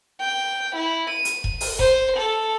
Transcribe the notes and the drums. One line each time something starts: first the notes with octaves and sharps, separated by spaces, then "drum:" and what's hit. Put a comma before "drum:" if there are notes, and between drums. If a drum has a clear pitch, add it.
G5
E4
D#7
drum: hi-hat
drum: kick E1
drum: open hi-hat
C5, drum: kick E1
A4